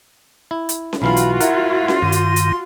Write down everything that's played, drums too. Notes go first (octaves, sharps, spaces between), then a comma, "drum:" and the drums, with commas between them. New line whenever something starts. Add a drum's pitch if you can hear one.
E4
drum: hi-hat
drum: snare C#4
B1 E3 F4 F#4 F5 B5
drum: hi-hat
E4 A#4 F#5, drum: hi-hat
drum: snare C#4
G2 D#3 C6
drum: hi-hat
drum: hi-hat